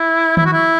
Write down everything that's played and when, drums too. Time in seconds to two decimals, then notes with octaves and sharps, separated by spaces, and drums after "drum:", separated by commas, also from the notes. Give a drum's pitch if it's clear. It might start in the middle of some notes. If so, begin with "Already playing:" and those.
Already playing: E4
0.37 E4, drum: tom
0.45 F#4
0.53 E4